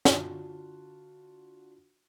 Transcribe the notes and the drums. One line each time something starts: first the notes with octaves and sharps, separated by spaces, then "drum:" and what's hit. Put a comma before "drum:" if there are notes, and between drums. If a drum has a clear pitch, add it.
D3 D4 F4 F#4, drum: snare